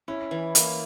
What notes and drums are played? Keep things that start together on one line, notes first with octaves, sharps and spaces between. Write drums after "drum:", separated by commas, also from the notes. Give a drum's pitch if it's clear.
C#4 E4
E3
A#3, drum: hi-hat